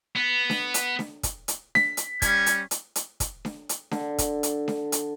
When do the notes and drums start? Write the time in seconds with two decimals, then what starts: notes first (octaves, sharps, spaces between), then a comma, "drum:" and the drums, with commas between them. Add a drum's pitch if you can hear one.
0.16 B3
0.50 drum: snare D4
0.74 drum: hi-hat
0.99 drum: snare D4
1.23 drum: kick, hi-hat
1.48 drum: hi-hat
1.75 B6, drum: snare D4
1.97 drum: hi-hat
2.22 G3 C#4 G#6, drum: kick, hi-hat
2.46 drum: hi-hat
2.71 drum: hi-hat
2.95 drum: hi-hat
3.20 drum: kick, hi-hat
3.45 drum: snare D4
3.69 drum: hi-hat
3.91 D3, drum: snare D4
4.18 drum: kick, hi-hat
4.43 drum: hi-hat
4.68 drum: snare D4
4.92 drum: hi-hat